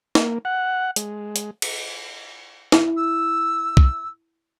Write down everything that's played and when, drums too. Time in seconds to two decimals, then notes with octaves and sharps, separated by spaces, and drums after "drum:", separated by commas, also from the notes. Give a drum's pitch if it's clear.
0.15 A#3, drum: snare
0.45 F#5
0.96 G#3, drum: hi-hat
1.36 drum: hi-hat
1.62 drum: cymbal
2.72 E4, drum: snare
2.96 E6
3.77 drum: kick B1